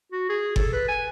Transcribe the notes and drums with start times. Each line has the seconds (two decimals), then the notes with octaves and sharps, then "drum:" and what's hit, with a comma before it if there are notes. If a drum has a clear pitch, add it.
0.12 F#4
0.29 G#4
0.56 A4, drum: kick G1
0.73 B4
0.88 G#5